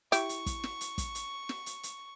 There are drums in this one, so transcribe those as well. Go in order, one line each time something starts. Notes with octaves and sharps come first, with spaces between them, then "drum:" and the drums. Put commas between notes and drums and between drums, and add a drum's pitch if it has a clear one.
E4 G4 C#6, drum: hi-hat
drum: hi-hat
drum: kick, hi-hat
drum: snare
drum: hi-hat
drum: kick, hi-hat
drum: hi-hat
drum: snare
drum: hi-hat
drum: hi-hat